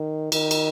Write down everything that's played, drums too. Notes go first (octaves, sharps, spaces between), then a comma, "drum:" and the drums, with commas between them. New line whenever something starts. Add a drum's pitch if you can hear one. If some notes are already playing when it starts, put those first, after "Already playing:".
Already playing: D#3
D#3, drum: cymbal
drum: cymbal